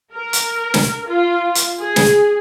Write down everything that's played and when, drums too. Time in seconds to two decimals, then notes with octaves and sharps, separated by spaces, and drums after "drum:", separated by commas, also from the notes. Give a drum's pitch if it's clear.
0.13 A#4
0.33 drum: hi-hat
0.74 drum: snare
1.06 F4
1.55 drum: hi-hat
1.79 G#4
1.96 drum: snare